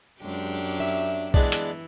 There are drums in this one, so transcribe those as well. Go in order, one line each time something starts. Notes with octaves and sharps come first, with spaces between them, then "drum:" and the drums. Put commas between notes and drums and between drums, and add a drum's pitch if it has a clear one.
F#2 G#3 D4 G4
E5
E3 G#3 B3 D4, drum: kick B1
drum: hi-hat